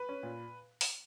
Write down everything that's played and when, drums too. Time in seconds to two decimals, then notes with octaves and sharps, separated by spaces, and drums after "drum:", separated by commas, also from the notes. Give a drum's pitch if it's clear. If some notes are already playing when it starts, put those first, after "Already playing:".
Already playing: B4
0.09 C#4
0.23 A#2
0.81 drum: open hi-hat